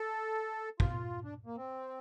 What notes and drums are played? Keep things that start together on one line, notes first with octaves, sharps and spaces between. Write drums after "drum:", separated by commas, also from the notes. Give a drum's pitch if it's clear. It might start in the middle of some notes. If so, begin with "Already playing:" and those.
Already playing: A4
F4, drum: kick
D4
A#3
C4